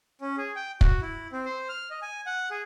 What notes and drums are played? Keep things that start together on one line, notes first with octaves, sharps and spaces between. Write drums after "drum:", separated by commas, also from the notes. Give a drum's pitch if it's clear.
C#4
G#4
G5
F#4, drum: kick
E4
C4
C5
F6
D#5
G#5
F#5
G#4